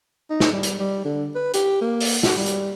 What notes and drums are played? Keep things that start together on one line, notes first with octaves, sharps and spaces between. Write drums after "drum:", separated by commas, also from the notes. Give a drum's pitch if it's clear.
D#4
drum: snare
G3
drum: hi-hat
G3
D3
B4
G4, drum: hi-hat
A#3
drum: open hi-hat
F#4, drum: snare
G3
drum: hi-hat